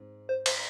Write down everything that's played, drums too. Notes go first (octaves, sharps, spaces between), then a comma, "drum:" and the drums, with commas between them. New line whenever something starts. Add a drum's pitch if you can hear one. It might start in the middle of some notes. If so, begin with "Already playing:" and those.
Already playing: G#2 C4
C5
C5, drum: cymbal